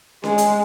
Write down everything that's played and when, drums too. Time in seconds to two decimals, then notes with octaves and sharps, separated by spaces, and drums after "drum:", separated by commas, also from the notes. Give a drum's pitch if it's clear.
0.24 G#3, drum: snare C#4
0.38 drum: hi-hat